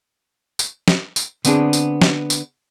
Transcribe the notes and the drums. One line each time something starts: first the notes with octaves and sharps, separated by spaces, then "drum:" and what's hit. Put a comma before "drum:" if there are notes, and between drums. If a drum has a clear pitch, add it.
drum: tambourine
drum: snare
drum: tambourine
D3 B3 C4 D4 G#4, drum: tambourine
drum: tambourine
drum: snare
drum: tambourine